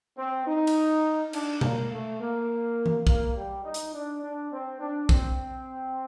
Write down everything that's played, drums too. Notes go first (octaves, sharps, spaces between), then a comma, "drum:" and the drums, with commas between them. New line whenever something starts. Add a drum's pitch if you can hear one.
C4
D#4
drum: cymbal
D4, drum: cymbal
A#3, drum: tom B2
A3
A#3
drum: tom E3
A#3, drum: kick B1
G3
D#4
drum: hi-hat
D4
D4
C4
D4
C4, drum: kick B1